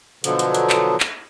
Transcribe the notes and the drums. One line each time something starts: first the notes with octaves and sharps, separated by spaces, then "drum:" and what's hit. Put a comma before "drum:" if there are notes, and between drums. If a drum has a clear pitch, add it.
B2 D3 F3 F#3, drum: hi-hat
drum: hi-hat
drum: hi-hat
drum: clap
drum: clap